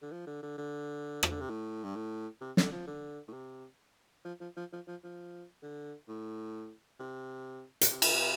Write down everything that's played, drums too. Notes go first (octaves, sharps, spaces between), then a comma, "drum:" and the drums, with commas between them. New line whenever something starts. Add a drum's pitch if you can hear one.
D3
F3
D3
D3
D3
F3, drum: rim click
D3
C3
A2
G2
A2
C3
D3, drum: snare
F3
D3
A2
C3
F3
F3
F3
F3
F3
F3
D3
A2
C3
drum: hi-hat
C3
D3, drum: cymbal
C3